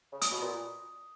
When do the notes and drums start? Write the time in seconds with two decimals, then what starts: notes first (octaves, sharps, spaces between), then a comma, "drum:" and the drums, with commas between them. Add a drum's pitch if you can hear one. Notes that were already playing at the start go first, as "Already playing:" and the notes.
0.12 C#3
0.22 D#6, drum: hi-hat
0.32 B2
0.42 A#2